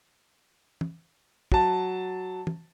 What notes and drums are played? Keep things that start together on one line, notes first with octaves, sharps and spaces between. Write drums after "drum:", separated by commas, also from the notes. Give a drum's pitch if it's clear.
drum: tom
F#3 A5, drum: kick
drum: tom